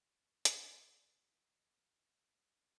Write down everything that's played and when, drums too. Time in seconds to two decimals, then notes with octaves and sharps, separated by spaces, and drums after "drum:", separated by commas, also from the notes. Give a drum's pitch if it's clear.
0.45 F#3, drum: hi-hat
0.87 C#3
1.42 D#5
1.80 E4